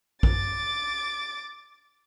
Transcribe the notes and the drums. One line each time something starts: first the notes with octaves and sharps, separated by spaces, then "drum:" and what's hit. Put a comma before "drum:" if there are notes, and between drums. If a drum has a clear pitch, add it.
D6 A6, drum: kick A#1